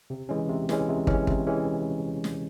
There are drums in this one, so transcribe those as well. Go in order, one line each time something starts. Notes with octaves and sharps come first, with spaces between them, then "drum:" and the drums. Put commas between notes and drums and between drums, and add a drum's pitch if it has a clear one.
C3
E3 G#3 C#4
C3
E3 G#3 C#4, drum: snare
C3
E3 G#3 C#4, drum: kick
C3, drum: kick
E3 G#3 C#4
drum: snare